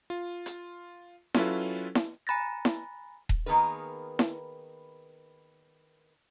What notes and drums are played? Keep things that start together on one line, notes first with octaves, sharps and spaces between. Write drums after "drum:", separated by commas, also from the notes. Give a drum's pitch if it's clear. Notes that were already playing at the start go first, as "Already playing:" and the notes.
F4
drum: hi-hat
F#3 C#4 E4 F4 A4 B4, drum: snare E4
drum: snare E4
G#5 A#5 B5 F#6 A6 A#6
drum: snare E4
drum: kick D#1
D#3 A#3 B3 G#4 A#4 B4
drum: snare E4